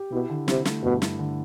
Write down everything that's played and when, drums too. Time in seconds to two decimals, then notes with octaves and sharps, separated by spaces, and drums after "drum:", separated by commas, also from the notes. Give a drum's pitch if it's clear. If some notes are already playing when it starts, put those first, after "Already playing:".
Already playing: G4
0.11 B2 E4
0.30 D3
0.48 C3 E4, drum: snare
0.65 A3, drum: snare
0.83 G2 B2
1.02 E4, drum: snare
1.19 D3